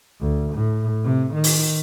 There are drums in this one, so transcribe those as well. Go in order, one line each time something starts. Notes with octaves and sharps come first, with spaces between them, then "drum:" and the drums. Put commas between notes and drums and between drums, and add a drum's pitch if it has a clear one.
D2
A2
C3
D#3
drum: open hi-hat